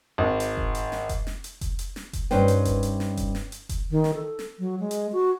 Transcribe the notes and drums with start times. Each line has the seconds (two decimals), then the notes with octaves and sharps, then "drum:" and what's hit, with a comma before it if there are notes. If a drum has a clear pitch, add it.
0.18 G#1
0.40 drum: hi-hat
0.57 drum: kick F1
0.75 drum: hi-hat
0.92 drum: snare
1.09 drum: kick F1, hi-hat
1.27 drum: snare
1.44 drum: hi-hat
1.61 drum: kick F1, hi-hat
1.79 drum: hi-hat
1.96 drum: snare
2.13 drum: kick F1, hi-hat
2.31 G2 C#4 D#4 B4 C5 G5, drum: snare
2.48 drum: hi-hat
2.65 drum: kick F1, hi-hat
2.83 drum: hi-hat
3.00 drum: snare
3.17 drum: kick F1, hi-hat
3.35 drum: snare
3.52 drum: hi-hat
3.69 drum: kick F1, hi-hat
3.91 D#3
4.04 drum: snare
4.14 A4
4.39 drum: snare
4.59 F#3
4.80 G#3
4.91 drum: hi-hat
5.12 F#4